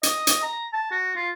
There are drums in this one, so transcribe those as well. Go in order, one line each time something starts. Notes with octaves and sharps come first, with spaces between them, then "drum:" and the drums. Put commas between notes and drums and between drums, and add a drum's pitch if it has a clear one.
D#5, drum: hi-hat
drum: hi-hat
A#5
A5
F#4
F4